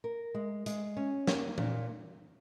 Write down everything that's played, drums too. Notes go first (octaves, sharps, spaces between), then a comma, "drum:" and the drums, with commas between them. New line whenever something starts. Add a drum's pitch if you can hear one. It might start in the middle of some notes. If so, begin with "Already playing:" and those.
A#4
G#3
G#3, drum: hi-hat
C#4
A#3, drum: snare
A#2, drum: tom E3